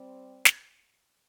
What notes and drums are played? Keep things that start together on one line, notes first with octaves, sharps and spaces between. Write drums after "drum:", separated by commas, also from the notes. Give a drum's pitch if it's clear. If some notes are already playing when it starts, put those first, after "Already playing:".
Already playing: G3 C4
drum: snare